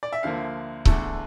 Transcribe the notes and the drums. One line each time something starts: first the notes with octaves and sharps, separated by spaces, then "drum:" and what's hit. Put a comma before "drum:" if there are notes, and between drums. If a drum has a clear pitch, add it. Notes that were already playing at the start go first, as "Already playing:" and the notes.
D5
E5
D2 D3 F3 A#3 F5
E2 D3 A3, drum: kick C#1